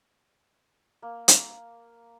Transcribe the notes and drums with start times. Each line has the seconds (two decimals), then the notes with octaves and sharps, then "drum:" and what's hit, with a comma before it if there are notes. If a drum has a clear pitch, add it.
1.02 A#3
1.28 drum: hi-hat